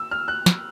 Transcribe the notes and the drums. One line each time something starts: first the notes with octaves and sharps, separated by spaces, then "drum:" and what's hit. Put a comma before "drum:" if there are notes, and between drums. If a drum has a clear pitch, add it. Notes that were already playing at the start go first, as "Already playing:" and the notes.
Already playing: E6
F6
F#6
drum: snare